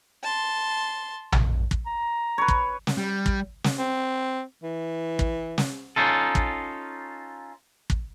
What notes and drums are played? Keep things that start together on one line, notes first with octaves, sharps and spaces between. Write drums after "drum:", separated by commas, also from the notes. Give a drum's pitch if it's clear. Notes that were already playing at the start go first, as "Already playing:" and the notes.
A5 C6
drum: tom A#1
drum: kick
A#5
B4 C#5
drum: kick
drum: snare
G3
drum: kick
drum: snare
C4
E3
drum: kick
drum: snare
C#4 D#4 F4 A4
drum: kick
drum: kick